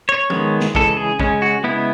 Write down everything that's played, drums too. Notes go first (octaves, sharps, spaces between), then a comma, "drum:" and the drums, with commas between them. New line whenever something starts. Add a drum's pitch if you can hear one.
C#5
D#3 G#3 B3, drum: tom
drum: snare
C#3 E3 G#3 A4, drum: kick
G#4
C#3 G#3 C#4, drum: kick
F#4
C#3 G#3 B3 E4